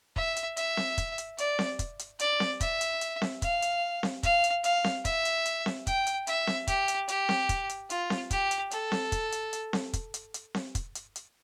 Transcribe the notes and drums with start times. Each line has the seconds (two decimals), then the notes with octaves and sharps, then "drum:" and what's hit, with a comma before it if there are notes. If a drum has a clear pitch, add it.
0.16 E5, drum: kick
0.37 drum: hi-hat
0.57 E5, drum: hi-hat
0.77 drum: snare C4
0.98 drum: kick, hi-hat
1.18 drum: hi-hat
1.38 D5, drum: hi-hat
1.59 drum: snare C4
1.79 drum: kick, hi-hat
1.99 drum: hi-hat
2.19 D5, drum: hi-hat
2.40 drum: snare C4
2.60 E5, drum: kick, hi-hat
2.81 drum: hi-hat
3.01 drum: hi-hat
3.22 drum: snare C4
3.42 F5, drum: kick, hi-hat
3.62 drum: hi-hat
4.03 drum: snare C4
4.23 F5, drum: kick, hi-hat
4.44 drum: hi-hat
4.64 F5, drum: hi-hat
4.84 drum: snare C4
5.05 E5, drum: kick, hi-hat
5.25 drum: hi-hat
5.46 drum: hi-hat
5.66 drum: snare C4
5.87 G5, drum: kick, hi-hat
6.07 drum: hi-hat
6.27 E5, drum: hi-hat
6.47 drum: snare C4
6.67 G4, drum: kick, hi-hat
6.88 drum: hi-hat
7.08 G4, drum: hi-hat
7.29 drum: snare C4
7.49 drum: kick, hi-hat
7.69 drum: hi-hat
7.90 F4, drum: hi-hat
8.10 drum: snare C4
8.31 G4, drum: kick, hi-hat
8.51 drum: hi-hat
8.71 A4, drum: hi-hat
8.92 drum: snare C4
9.12 drum: kick, hi-hat
9.32 drum: hi-hat
9.53 drum: hi-hat
9.73 drum: snare C4
9.93 drum: kick, hi-hat
10.14 drum: hi-hat
10.34 drum: hi-hat
10.55 drum: snare C4
10.75 drum: kick, hi-hat
10.95 drum: hi-hat
11.16 drum: hi-hat